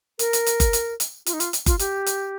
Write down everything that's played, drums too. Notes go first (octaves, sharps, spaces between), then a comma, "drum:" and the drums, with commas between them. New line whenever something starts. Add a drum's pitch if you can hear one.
A#4, drum: hi-hat
drum: hi-hat
drum: hi-hat
drum: kick F#1, hi-hat
drum: hi-hat
drum: hi-hat
F4, drum: hi-hat
D#4
F4, drum: hi-hat
drum: hi-hat
F4, drum: kick F#1, hi-hat
G4, drum: hi-hat
drum: hi-hat